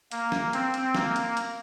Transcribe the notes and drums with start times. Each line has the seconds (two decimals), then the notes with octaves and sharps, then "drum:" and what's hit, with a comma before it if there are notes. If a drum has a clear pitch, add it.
0.12 A#3, drum: hi-hat
0.32 drum: snare
0.53 C4, drum: hi-hat
0.74 drum: hi-hat
0.95 A#3, drum: snare
1.16 drum: hi-hat
1.37 drum: hi-hat